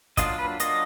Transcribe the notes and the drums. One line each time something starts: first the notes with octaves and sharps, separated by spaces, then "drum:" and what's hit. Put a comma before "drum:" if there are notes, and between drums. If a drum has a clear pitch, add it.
F#3 A#3 D4 F4 D#5, drum: kick, hi-hat
B4
F#3 A#3 D4 F4 D#5, drum: hi-hat